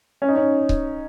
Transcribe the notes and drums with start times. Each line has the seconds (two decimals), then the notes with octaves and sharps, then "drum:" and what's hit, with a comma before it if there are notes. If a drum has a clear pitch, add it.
0.22 C#4
0.28 D#4
0.36 C#4
0.69 drum: kick C#1